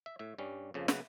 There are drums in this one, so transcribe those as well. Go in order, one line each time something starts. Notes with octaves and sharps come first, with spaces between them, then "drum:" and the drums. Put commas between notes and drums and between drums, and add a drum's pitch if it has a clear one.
E5
A2 E5
G2 G3 C#4
F2 C#3 F3 A#3
C#3 F#3 B3 B4, drum: snare